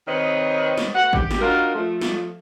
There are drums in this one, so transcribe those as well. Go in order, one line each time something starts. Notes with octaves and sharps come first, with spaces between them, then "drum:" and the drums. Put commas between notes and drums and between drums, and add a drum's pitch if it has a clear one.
C3 D#3 C4 B4 C#5 D#5
drum: snare
A3 F#4 B4 F#5
G4, drum: kick G#1
drum: snare
D4 D#4 F4 F#4 A#4
F3 A3
drum: snare